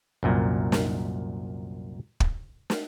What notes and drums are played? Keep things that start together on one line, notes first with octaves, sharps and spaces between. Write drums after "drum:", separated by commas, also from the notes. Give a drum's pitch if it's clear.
C2 F#2 A#2
drum: snare
drum: kick
drum: snare